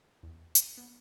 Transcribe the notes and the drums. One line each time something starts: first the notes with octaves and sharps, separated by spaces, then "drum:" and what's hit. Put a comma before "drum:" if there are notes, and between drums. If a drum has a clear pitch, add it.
E2
D#7, drum: hi-hat
B3